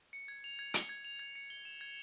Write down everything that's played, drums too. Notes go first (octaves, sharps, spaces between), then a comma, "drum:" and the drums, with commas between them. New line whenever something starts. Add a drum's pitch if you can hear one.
C#7
G#6
F7
G#6
C#7, drum: hi-hat
G#6
F7
G#6
C#7
G7
E7
G#6